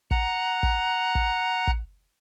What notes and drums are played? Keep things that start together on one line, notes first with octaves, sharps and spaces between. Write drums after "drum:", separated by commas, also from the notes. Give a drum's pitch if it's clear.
F#5 A#5 F#6, drum: kick
drum: kick
drum: kick
drum: kick